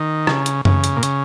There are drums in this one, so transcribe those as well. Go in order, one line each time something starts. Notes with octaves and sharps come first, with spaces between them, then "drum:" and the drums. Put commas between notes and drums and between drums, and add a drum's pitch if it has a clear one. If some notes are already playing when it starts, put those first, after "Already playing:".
Already playing: D#3
C#3, drum: rim click
drum: hi-hat
C#3, drum: tom F#2
drum: hi-hat
A#2
C#3, drum: hi-hat